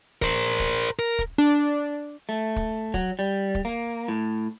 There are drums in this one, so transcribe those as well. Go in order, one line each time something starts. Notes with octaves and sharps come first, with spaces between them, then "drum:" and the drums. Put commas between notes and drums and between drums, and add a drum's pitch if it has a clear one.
A#4 C5, drum: kick
drum: kick
A#4
drum: kick
D4
A3
drum: kick
F#3, drum: kick
G3
drum: kick
A#3
A2